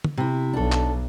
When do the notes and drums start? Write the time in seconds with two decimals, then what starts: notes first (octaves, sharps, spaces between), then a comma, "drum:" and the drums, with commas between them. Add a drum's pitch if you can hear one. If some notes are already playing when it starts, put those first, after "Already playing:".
0.04 drum: tom
0.17 C3 E4
0.53 B1 D4 A4
0.72 drum: clap